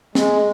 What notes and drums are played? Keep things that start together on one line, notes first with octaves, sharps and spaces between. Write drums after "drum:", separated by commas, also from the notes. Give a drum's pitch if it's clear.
G#3, drum: snare